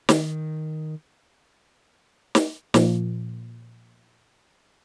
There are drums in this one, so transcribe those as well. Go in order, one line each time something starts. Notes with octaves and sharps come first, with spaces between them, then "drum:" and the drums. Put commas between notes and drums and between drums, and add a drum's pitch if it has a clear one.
D#3, drum: snare
drum: snare
A#2 F3, drum: snare